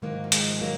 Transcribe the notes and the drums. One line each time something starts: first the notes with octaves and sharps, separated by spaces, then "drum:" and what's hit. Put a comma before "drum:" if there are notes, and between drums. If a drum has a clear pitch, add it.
G#2 D#3 F#3 A#3
F#3
F3 G#3, drum: hi-hat
G#3
F#3 A#3